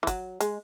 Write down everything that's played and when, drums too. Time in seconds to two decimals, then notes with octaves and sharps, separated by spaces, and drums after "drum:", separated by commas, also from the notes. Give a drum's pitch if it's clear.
0.03 E3
0.07 F#3, drum: kick, hi-hat
0.40 G#3, drum: hi-hat